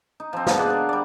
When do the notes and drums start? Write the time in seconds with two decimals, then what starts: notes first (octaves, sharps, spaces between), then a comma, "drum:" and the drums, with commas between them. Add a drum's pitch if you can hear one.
0.20 D#4
0.33 F3 C4
0.47 G#2 B2 D3 F3, drum: snare
0.59 G#4 D5 F#5 A5
0.70 A#4
0.89 G3 D5